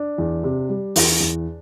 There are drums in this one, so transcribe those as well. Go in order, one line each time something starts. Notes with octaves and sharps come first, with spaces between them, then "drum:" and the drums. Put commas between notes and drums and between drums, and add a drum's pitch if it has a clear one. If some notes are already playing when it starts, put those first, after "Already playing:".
Already playing: D4
E2
C3
G3
E2, drum: open hi-hat
E2